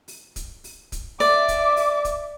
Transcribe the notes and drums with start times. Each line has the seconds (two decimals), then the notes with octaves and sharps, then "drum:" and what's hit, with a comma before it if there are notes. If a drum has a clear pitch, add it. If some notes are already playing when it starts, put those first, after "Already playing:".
0.08 drum: open hi-hat
0.36 drum: kick, hi-hat
0.64 drum: open hi-hat
0.92 drum: kick, hi-hat
1.20 D5 E5 D6, drum: open hi-hat
1.48 drum: kick, hi-hat
1.77 drum: open hi-hat
2.05 drum: kick, hi-hat